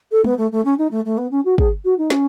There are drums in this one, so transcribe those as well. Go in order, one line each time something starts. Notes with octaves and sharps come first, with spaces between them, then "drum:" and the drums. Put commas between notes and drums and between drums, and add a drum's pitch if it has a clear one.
A4
B3, drum: tom
A3
A3
C#4
D#4
A3
A3
B3
C#4
F#4
G#4, drum: kick
F#4
D#4
C#4, drum: snare